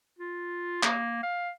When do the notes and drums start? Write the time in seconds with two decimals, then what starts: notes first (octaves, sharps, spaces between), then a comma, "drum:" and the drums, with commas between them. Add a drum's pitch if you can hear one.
0.19 F4
0.83 A#3, drum: clap
1.23 F5